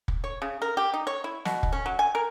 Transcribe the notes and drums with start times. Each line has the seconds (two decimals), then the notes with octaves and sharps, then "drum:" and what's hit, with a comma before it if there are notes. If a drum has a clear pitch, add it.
0.08 drum: kick
0.24 C#5
0.42 C#3
0.62 A#4
0.77 G4
0.94 D#4
1.07 C#5
1.24 E4
1.45 B2, drum: snare
1.63 drum: kick
1.73 C#4
1.86 F#3
1.99 G#5
2.15 A#4